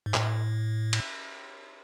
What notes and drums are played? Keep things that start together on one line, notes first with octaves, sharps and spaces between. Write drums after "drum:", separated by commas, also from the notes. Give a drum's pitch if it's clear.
G#2
A2, drum: clap
drum: cymbal